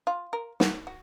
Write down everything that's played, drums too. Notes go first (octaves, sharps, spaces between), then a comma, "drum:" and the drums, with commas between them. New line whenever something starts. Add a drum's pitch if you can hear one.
F4
A#4
F#4, drum: snare
F#4